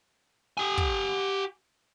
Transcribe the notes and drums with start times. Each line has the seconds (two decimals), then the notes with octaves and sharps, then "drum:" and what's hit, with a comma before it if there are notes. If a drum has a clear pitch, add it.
0.58 G4 G#5
0.78 drum: kick